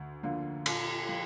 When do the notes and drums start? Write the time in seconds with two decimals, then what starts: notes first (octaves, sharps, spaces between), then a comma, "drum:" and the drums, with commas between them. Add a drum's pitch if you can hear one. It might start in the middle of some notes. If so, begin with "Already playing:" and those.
Already playing: D2
0.23 D3 F3 A#3
0.66 A#2, drum: cymbal
1.09 F3